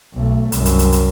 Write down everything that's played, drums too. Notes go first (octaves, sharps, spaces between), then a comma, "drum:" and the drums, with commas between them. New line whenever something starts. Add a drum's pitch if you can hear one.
B1 A3
C2 F#2, drum: hi-hat
drum: hi-hat
drum: hi-hat
drum: hi-hat